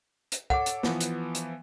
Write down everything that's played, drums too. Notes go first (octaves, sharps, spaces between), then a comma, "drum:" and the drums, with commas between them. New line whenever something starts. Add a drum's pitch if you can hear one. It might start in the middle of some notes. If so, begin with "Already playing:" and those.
drum: hi-hat
A4 C#5 F#5 D6, drum: kick
drum: hi-hat
E3 F3 B3, drum: snare
drum: hi-hat
drum: hi-hat